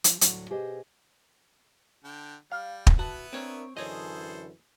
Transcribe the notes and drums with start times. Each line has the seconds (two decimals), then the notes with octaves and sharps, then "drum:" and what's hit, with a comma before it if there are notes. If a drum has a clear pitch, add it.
0.04 F3, drum: hi-hat
0.21 D2 A2 F#3, drum: hi-hat
0.50 B2 G4 G#4 C5 D#5
2.04 D3 G5 A5
2.52 G3 F5
2.87 drum: kick
2.99 B3 E4 F#4 B4 A5
3.33 C4 D4 A#4 C#5
3.77 F#2 D3 E3 G#4 A4 C5 C#5 D#5